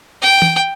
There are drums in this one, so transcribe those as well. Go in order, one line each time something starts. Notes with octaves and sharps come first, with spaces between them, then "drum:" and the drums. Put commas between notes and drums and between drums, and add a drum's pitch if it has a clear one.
G5
drum: tom E3